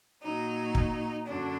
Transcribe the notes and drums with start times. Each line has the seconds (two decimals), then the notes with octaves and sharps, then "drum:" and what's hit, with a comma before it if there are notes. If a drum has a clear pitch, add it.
0.22 A#2 F#3 D#4
0.75 drum: kick
1.27 F#2 D3 F#3 D4